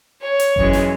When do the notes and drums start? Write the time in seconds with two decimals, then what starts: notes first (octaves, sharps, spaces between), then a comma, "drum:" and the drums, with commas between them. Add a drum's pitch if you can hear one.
0.22 C#5
0.40 drum: hi-hat
0.56 F#2 E3 G#3, drum: kick G1
0.73 drum: snare